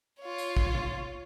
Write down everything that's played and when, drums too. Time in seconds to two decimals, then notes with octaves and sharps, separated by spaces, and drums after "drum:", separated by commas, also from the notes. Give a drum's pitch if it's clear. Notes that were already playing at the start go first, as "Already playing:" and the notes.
0.20 F4 C#5
0.38 drum: tambourine
0.57 drum: kick
0.75 drum: tom